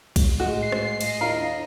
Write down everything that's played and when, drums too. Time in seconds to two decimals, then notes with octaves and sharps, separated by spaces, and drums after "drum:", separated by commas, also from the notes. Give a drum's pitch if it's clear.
0.16 G#1, drum: kick B1, cymbal
0.40 A2 G#3 A3 F#4
0.62 C7
0.72 drum: rim click
1.01 F4 G#4 D#5, drum: cymbal
1.21 D#2 D4 E4 F4 A#4 D#5